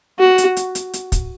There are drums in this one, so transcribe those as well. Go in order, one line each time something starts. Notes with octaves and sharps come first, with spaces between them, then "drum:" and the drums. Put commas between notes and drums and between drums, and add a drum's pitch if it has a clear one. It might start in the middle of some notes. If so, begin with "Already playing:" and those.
F#4
drum: hi-hat
drum: hi-hat
drum: hi-hat
drum: hi-hat
drum: kick, hi-hat